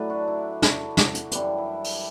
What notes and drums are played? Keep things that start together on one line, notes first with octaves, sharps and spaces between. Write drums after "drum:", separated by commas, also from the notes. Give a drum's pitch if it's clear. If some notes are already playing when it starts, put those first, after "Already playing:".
Already playing: A2 F#3 A3 B4 D5 E5
D4 F#4
E4
drum: snare
drum: snare
drum: hi-hat
F#2 E3 G3 D4, drum: hi-hat
E4
drum: open hi-hat